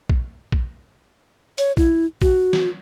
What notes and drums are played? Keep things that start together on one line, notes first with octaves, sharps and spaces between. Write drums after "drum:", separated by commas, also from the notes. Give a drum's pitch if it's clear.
drum: kick A#1
drum: kick A#1
C#5, drum: hi-hat
E4, drum: kick A#1
F#4, drum: kick A#1
drum: snare